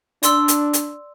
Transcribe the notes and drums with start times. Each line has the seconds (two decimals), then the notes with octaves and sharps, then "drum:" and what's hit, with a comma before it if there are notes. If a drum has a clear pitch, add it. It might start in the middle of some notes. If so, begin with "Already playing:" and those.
0.23 D4 D5 C6 E6, drum: hi-hat
0.48 drum: hi-hat
0.73 drum: hi-hat